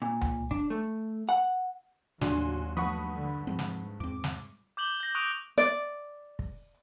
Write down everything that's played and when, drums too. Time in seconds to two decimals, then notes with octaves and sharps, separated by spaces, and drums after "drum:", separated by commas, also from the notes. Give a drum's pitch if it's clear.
0.02 A#2
0.21 drum: tom C#2
0.51 D4, drum: kick
0.70 A3
1.29 F#5
2.21 D#2 A2 C#3 F#3 D4 F#4 G#5 C6, drum: snare
2.77 G2 E3 F3 A3 F#5 B5 C#6 D#6
3.16 D3
3.47 G#2 F3 G#3 C4
3.59 drum: snare
4.00 E2 C4 D6
4.24 drum: snare
4.77 D6 G6 F#7 G7
5.00 G6 A#6
5.15 C#6 D#6 F#6 G6 D7 F7
5.58 D5, drum: hi-hat
6.39 drum: kick